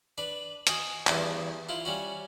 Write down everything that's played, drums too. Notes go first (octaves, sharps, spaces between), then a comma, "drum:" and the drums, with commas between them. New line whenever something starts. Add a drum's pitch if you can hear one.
D4 B4
F#4 D#5 G#5, drum: hi-hat
E2 G2 C5 E5 A5 D6, drum: clap
E4 F4
G3 C#4 F#4